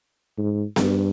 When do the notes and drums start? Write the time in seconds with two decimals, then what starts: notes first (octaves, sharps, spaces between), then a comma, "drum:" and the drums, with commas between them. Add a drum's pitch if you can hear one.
0.38 G#2
0.76 G2, drum: snare B3